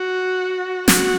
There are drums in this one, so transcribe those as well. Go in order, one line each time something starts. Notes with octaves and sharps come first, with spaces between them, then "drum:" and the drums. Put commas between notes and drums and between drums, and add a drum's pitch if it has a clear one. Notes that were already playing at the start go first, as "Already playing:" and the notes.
Already playing: F#4
F#4, drum: snare